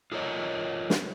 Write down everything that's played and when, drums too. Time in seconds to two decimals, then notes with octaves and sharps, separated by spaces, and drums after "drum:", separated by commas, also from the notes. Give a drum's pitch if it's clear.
0.12 F4 A4 A#4 C#5 D#5
0.90 drum: snare